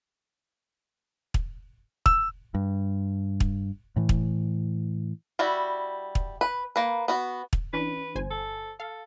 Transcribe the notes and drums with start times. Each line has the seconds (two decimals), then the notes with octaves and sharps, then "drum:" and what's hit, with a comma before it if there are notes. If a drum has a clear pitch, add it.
1.34 drum: kick
2.06 E6, drum: kick
2.55 G2
3.40 drum: kick
3.96 A2 E3
4.09 drum: kick
5.39 G3 E4 F#4
6.15 drum: kick
6.41 B4
6.76 A#3 B4
7.08 B3 F#4
7.53 drum: kick
7.73 E3 C#4 D4 B4
8.16 G1 C5 G#5
8.31 A4
8.80 A4 F5